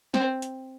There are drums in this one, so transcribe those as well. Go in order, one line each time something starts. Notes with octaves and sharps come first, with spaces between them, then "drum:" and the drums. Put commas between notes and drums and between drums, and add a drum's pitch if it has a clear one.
C4, drum: snare
drum: hi-hat